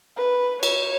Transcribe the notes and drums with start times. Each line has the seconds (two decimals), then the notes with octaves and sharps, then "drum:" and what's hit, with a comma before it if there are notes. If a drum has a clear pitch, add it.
0.17 B4
0.63 C#5, drum: cymbal